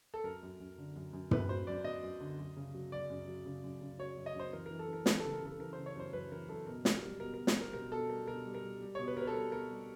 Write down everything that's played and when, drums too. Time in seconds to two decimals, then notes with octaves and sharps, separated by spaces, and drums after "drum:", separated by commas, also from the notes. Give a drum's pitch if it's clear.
0.14 A4
0.24 F#2 A#4
0.43 F#2
0.60 F#2
0.78 D3
0.96 F#2
1.13 F#2
1.31 F#2 B4, drum: tom
1.49 F#3 C5
1.67 F#2 D5
1.84 F#3 D#5
2.03 F#2
2.20 D3
2.39 F#2
2.57 C#3
2.74 F#3
2.92 F#2 D5
3.10 F#2
3.28 F#3
3.46 C#3
3.64 F#2
3.81 C#3
3.99 F#3 C#5
4.17 F#2
4.26 D#5
4.35 F#2 C5
4.53 E3 A#4
4.66 A#4
4.71 E3
4.79 A4
4.88 E3 A#4
5.06 G3 B4, drum: snare
5.20 A4
5.24 C#3
5.33 A#4
5.42 C#3 A4
5.60 E3 A#4
5.73 C5
5.77 C#3
5.86 C#5
5.96 F#2 C5
6.13 F#2 B4
6.32 E3 A#4
6.48 F#2 A4
6.66 B2 A#4
6.85 G3 A#4, drum: snare
7.02 G3 A#4
7.20 B2 A#4
7.34 A#4
7.39 B2
7.47 C5, drum: snare
7.56 G3 A#4
7.73 B2 A#4
7.91 B2 A4
8.10 G3 A#4
8.28 B2 A#4
8.45 G3
8.54 A#4
8.63 G3
8.81 G3
8.95 B2 C#5
9.08 B4
9.16 B2 A#4
9.21 B4
9.27 A4
9.34 G3 A#4
9.52 B2 A#4
9.71 G3